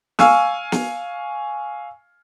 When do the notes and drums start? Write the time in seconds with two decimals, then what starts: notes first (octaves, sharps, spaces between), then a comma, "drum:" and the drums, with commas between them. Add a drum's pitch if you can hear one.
0.19 F5 G#5 C#6 E6, drum: snare
0.72 drum: snare